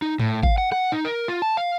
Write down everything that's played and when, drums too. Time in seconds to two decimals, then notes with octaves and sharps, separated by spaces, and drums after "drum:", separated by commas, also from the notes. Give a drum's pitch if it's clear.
0.02 D#4
0.19 A2, drum: tom G#2
0.43 F5, drum: kick G#1
0.58 F#5
0.72 F#5, drum: rim click
0.92 D#4
1.05 A#4
1.28 F4
1.42 A5
1.57 F5